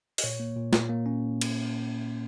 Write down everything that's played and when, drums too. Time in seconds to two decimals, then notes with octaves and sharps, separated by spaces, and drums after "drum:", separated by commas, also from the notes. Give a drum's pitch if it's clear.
0.18 D#5, drum: open hi-hat
0.23 A#2 C#5
0.40 A#3
0.56 A#2
0.73 A#2, drum: snare
0.89 A#3
1.06 C#4
1.41 drum: cymbal